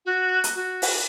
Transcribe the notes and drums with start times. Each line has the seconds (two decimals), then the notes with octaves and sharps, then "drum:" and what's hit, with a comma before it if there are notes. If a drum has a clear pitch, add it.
0.05 F#4
0.44 drum: hi-hat
0.55 F#4
0.82 drum: open hi-hat